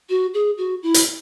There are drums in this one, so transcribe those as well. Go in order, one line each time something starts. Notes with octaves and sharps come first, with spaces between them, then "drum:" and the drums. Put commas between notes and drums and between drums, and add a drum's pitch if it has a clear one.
F#4
G#4
F#4
E4
drum: hi-hat